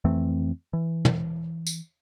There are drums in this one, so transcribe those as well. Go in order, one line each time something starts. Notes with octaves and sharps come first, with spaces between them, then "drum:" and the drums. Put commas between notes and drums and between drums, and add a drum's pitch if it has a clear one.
F2 E3 A3 C4
E3
drum: tom
drum: tambourine